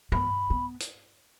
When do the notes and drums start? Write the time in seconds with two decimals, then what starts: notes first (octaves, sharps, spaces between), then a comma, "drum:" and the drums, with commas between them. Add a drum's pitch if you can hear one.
0.12 B3 B5, drum: tom G2
0.50 B3
0.80 drum: hi-hat